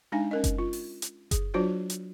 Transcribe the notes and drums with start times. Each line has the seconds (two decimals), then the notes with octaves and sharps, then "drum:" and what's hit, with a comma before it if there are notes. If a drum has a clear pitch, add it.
0.12 G#3 D4 D#4 F5 G#5
0.31 C#4 A#4 D#5
0.44 drum: kick F#1, hi-hat
0.59 F4
0.73 drum: open hi-hat
1.02 drum: hi-hat
1.31 G#4, drum: kick F#1, hi-hat
1.54 F#3 D4 F4 F#4 C5 D5
1.90 drum: hi-hat